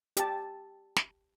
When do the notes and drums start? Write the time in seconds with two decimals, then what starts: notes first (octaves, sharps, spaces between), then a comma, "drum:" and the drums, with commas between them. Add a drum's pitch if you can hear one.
0.17 G4 A5, drum: hi-hat
0.96 drum: snare